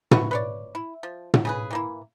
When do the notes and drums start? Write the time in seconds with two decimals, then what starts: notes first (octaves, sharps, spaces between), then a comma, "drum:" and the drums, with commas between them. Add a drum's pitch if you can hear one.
0.11 A3 F#4 B4 C#6, drum: tom
0.31 B4 C#5 D5
0.75 E4
1.03 F3
1.34 drum: tom
1.45 C#3 G#4 B4
1.71 E3 A#3 E4